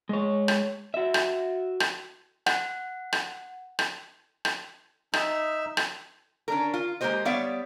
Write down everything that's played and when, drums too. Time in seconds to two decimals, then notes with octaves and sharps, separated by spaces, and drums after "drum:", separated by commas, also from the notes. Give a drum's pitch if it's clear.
0.09 G#3 C#5
0.48 drum: rim click
0.94 F#4 E5
1.14 drum: rim click
1.80 drum: rim click
2.46 F#5, drum: rim click
3.13 drum: rim click
3.79 drum: rim click
4.45 drum: rim click
5.13 D#4 E5, drum: rim click
5.77 drum: rim click
6.48 C#4 D4 A#4
6.74 F4
7.01 G#3 A#3 B3 G4 C5 D#5
7.25 G3 B3 C#5 D5 E5 F5